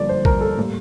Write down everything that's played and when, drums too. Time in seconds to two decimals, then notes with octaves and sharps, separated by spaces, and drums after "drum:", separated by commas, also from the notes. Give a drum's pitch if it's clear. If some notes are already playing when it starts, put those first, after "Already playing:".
Already playing: G1 G2 F3 A#3 D5
0.09 C5
0.25 A#4, drum: kick A#1
0.41 A4
0.57 A2 G3 A#3